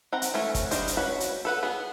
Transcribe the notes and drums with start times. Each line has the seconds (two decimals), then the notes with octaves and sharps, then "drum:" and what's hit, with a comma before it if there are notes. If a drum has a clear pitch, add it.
0.12 C4 F#5 A#5
0.22 drum: hi-hat
0.34 E3 A3 C#4
0.55 drum: kick, hi-hat
0.71 G3 D4 C5 D#5, drum: hi-hat
0.87 drum: hi-hat
0.97 C#4 F#4 B4
1.20 drum: hi-hat
1.45 A4 B4 F#5
1.63 B3 G#4